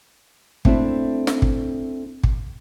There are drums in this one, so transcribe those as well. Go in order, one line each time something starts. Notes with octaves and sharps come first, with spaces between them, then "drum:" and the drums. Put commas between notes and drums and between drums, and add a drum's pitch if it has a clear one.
A3 C4 D4 E4 A4, drum: kick
drum: snare
drum: kick
drum: kick